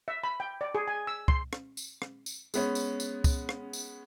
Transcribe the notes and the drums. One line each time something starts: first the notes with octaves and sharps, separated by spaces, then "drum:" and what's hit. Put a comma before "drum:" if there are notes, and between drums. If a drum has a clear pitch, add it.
E5
B5
G5
D5
G#4
G#5
E6
C6, drum: kick
drum: rim click
drum: tambourine
drum: rim click
drum: tambourine
G#3 B3 C#4, drum: tambourine
drum: tambourine
drum: tambourine
drum: kick, tambourine
drum: rim click
drum: tambourine